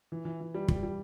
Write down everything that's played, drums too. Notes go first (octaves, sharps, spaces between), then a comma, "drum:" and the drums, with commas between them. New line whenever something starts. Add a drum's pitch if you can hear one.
E3
E3
E3
G3
G3, drum: kick
G3